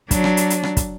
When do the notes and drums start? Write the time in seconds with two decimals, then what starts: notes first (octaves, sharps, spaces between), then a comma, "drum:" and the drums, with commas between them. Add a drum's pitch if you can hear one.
0.11 F#3 D4, drum: kick, hi-hat
0.24 drum: rim click
0.37 drum: hi-hat
0.50 drum: hi-hat
0.63 drum: rim click
0.77 drum: kick, hi-hat